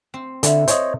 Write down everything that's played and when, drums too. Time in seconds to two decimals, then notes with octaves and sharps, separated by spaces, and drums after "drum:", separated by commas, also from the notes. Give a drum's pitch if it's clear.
0.14 C4
0.43 D3 E4 A4, drum: hi-hat
0.68 C5 C#5 D#5, drum: hi-hat